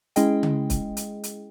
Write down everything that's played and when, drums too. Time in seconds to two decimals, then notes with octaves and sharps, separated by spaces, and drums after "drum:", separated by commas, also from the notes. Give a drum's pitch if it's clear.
0.16 G#3 C#4 E4 G#4 D#5 G5, drum: hi-hat
0.43 drum: tom C#3
0.70 drum: kick C#1, hi-hat
0.97 drum: hi-hat
1.24 drum: hi-hat